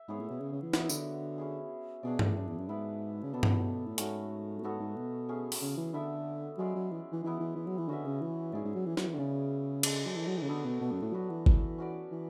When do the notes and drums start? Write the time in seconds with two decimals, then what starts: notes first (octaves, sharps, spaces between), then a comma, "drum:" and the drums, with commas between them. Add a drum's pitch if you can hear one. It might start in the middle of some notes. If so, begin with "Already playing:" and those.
Already playing: E5
0.08 G#2 B3 E4 G#4 C#5
0.20 A2
0.30 B2
0.40 C#3
0.53 C#3
0.62 E3
0.73 E3 B3 F#4 C#5 E5, drum: snare
0.89 D3, drum: tambourine
1.38 C#4 E4 G#4
2.03 B2 D4 G#4 D5
2.19 A2, drum: tom G2
2.36 F#2
2.47 E2
2.58 F#2
2.69 G#2 B3 E4 B4
3.23 C#3
3.33 B2 B3 D4 A4 C#5
3.43 drum: tom G2
3.86 A2
3.98 G#2 A3 C#4 F#4 C#5, drum: hi-hat
4.59 A2
4.63 G#2 B3 F#4 A4 C#5
4.80 G#2
4.96 B2
5.28 A3 C#4 G#4
5.52 drum: open hi-hat
5.62 C#3
5.77 E3
5.93 D3 B3 E4 A4 E5
6.58 F#3 G#3 C#4 G#4 D5
6.75 F#3
6.91 E3
7.13 E3
7.23 E3 B3 E4 G#4
7.40 E3
7.56 E3
7.67 F#3
7.78 E3
7.88 D3 C#4 F#4 B4 E5
8.05 C#3
8.21 E3
8.53 G#2 C#4 E4 G#4 D5
8.65 G#2
8.75 F#3
8.86 E3
8.97 F#3, drum: snare
9.07 E3
9.14 D3
9.18 C#3 C#4 G#4 D5
9.83 G#3 D4 A4, drum: cymbal
10.06 F#3
10.16 E3
10.27 F#3
10.37 E3
10.43 C#3
10.48 D3 B3 F#4 A4
10.65 B2
10.81 B2
10.92 F#2
11.02 A2
11.13 F#3 D4 F#4 B4
11.30 E3
11.46 E3, drum: kick G1
11.78 C#4 F#4 B4 D5
12.12 E3